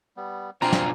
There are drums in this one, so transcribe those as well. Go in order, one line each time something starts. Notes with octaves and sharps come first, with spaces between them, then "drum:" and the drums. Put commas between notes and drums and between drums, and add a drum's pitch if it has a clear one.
G3 B3
B2 C4 D4 F4 F5 G#5 A#5
drum: snare